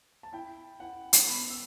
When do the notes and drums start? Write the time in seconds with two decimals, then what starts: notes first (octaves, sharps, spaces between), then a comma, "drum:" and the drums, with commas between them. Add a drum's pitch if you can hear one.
0.23 A5
0.33 E4 G5
0.80 E4 F#5
1.13 drum: hi-hat
1.27 B3 B5
1.50 E6